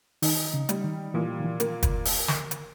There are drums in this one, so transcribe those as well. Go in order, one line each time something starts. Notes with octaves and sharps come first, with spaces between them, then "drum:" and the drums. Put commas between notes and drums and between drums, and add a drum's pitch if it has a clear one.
D#3 D#4, drum: open hi-hat
C#3
G3, drum: hi-hat
D#3
A#2 E3
D#3
E3
A#3, drum: hi-hat
drum: kick, hi-hat
drum: open hi-hat
drum: snare
drum: hi-hat